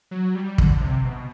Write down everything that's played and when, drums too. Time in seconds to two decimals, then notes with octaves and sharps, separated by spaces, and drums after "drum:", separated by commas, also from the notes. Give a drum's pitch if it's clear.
0.11 F#3
0.35 G3
0.58 D3, drum: kick
0.76 D3
0.81 C3
1.05 B2